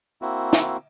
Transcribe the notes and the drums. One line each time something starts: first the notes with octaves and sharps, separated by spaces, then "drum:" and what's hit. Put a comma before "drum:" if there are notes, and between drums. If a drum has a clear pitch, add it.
A#3 C4 E4 F#4
drum: snare